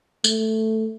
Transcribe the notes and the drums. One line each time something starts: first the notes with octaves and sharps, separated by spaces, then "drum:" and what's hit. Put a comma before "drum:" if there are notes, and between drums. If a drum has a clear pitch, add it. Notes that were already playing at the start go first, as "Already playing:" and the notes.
A3, drum: tambourine